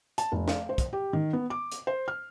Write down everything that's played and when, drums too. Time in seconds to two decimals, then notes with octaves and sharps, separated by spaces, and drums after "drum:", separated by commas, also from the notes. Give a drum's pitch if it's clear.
0.18 A5, drum: hi-hat
0.32 F1
0.48 F5, drum: snare
0.69 C5
0.78 drum: kick, hi-hat
0.93 G4
1.13 D#3
1.33 B3
1.50 D6
1.72 drum: hi-hat
1.87 C5
2.08 F6